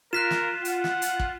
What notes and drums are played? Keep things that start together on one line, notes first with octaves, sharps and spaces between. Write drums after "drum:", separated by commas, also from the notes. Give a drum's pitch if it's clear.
F4 A#4 F#6 B6 E7
drum: snare
F#5, drum: hi-hat
drum: snare
drum: hi-hat
drum: kick